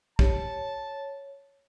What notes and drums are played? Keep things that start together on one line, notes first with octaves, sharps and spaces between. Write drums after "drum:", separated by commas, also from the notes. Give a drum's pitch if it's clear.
G4 C#5 A5, drum: kick